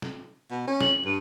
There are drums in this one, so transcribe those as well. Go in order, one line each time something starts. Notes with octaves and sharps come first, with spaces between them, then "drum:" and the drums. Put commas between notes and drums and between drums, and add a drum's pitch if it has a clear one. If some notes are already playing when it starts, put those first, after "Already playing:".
drum: snare
B2
C#4
F#7, drum: snare
G2 D#7